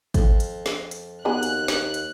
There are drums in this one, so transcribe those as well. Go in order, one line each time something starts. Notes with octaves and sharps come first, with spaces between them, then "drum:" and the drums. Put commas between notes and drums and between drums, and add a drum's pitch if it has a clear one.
F2, drum: kick, hi-hat
drum: hi-hat
drum: snare
drum: hi-hat
D#2 B3 F#4 G#4 F#6
drum: hi-hat
drum: snare
drum: hi-hat